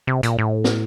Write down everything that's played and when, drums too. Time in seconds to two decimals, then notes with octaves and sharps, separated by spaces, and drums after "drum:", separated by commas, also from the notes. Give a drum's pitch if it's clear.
0.07 C3
0.23 A#2, drum: hi-hat
0.38 A2
0.64 drum: snare